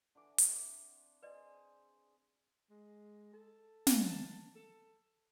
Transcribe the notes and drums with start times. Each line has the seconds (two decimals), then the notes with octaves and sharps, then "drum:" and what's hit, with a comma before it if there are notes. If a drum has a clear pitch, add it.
0.15 D3 E3 D6
0.38 C4 D4 F#5, drum: hi-hat
1.22 G#4 B4 C5 D5 D#5
2.70 G#3
3.34 A4
3.87 drum: snare
4.04 A5
4.56 A4